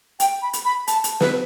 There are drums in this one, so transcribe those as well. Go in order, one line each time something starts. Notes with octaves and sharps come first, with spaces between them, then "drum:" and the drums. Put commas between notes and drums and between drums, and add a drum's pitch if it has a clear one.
G5, drum: hi-hat
B5
drum: hi-hat
B5
A5, drum: hi-hat
drum: hi-hat
B4, drum: snare